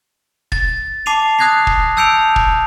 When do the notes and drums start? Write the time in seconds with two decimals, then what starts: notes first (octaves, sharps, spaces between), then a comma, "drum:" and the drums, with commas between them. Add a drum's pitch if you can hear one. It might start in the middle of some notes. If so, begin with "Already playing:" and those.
0.52 A6, drum: kick
1.06 A5 D6 C7 D#7 F7
1.39 D#6 F#6 G#6 A#6 C7
1.67 drum: kick
1.97 A5 E6 G6 C#7 D7 F7
2.36 drum: kick